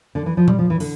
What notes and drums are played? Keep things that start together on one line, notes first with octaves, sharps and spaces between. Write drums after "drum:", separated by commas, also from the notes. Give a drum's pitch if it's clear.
D3
E3
F3
G3, drum: tom A#2
F3
E3
D3, drum: open hi-hat